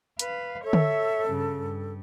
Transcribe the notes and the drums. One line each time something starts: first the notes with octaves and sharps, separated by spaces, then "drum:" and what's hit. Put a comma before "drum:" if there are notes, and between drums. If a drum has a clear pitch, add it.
B4 F5, drum: hi-hat
A4 C#5 E5
drum: tom D3
G2 C#3
G2